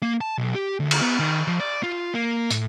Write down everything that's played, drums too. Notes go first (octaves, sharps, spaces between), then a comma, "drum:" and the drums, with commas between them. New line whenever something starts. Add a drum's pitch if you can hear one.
A#3
A5
B1
G4
D2
drum: cymbal
B3
D#3
F3
D5
F4
A#3
A2, drum: hi-hat